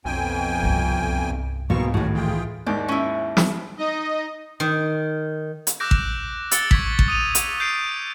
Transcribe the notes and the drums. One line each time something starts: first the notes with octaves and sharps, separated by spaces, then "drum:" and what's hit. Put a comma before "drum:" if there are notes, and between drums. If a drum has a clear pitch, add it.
B1 F2 G5 G#5
C2 G2
G#2 B2 A#3 C4 C#6
D#2 A2 C#4 F#4
E3 F4 G#4 G5
D#2 G#2 D5
C#4 E4
drum: snare
D#4 D#5
D#3
drum: hi-hat
D6 E6 F#6 G6 A#6 D7
drum: kick A1
E6 A6 C#7 D7 G7, drum: hi-hat
C#6 G#6 B6, drum: kick A1
drum: kick A1
D#6 D#7 F7
drum: hi-hat
G6 C7 D7